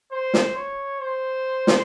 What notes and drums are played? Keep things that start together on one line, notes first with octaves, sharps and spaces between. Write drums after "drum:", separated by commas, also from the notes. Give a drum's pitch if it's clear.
C5
drum: snare
C#5
C5
drum: snare